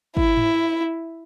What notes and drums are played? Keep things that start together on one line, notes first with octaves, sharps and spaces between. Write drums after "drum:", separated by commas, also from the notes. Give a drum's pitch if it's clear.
E4, drum: kick
drum: tom G#2